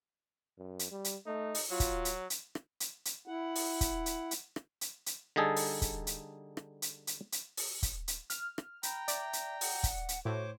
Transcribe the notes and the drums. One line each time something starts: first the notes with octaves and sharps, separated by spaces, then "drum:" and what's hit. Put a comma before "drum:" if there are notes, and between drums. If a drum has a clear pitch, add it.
F#2
drum: hi-hat
G3
drum: hi-hat
A3 D#4
drum: open hi-hat
F#3 F4
drum: kick, hi-hat
drum: hi-hat
drum: hi-hat
drum: rim click
drum: hi-hat
drum: hi-hat
E4 F#5
drum: open hi-hat
drum: kick, hi-hat
drum: hi-hat
drum: hi-hat
drum: rim click
drum: hi-hat
drum: hi-hat
D3 G3 D#4 G#4 A4
drum: open hi-hat
drum: kick, hi-hat
drum: hi-hat
drum: rim click
drum: hi-hat
drum: hi-hat
drum: hi-hat
drum: open hi-hat
drum: kick, hi-hat
drum: hi-hat
F6, drum: hi-hat
drum: rim click
G5 A#5 B5, drum: hi-hat
D5 E5, drum: hi-hat
drum: hi-hat
F#5, drum: open hi-hat
drum: kick, hi-hat
drum: hi-hat
A2 F#4 C5 C#5 D6